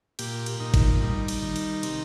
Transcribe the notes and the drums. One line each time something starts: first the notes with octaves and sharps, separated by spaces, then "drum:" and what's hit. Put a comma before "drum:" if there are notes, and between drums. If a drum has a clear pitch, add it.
A#2 G4, drum: cymbal
drum: cymbal
A#2 D#4
drum: kick G#1, cymbal
G3 D#4
drum: cymbal
D#3
drum: cymbal
C3, drum: cymbal